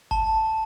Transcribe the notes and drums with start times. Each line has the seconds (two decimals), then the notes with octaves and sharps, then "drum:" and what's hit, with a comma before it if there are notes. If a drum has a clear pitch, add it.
0.11 A5, drum: kick F#1